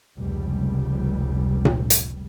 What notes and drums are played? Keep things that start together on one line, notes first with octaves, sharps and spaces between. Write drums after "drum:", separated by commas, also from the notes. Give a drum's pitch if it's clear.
F1 C#2 G3
drum: tom A#2
drum: hi-hat